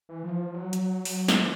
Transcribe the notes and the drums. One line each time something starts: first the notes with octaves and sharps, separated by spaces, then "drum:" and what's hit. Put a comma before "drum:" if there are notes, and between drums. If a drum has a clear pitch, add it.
E3
F3
F#3
drum: hi-hat
drum: open hi-hat
drum: snare
E3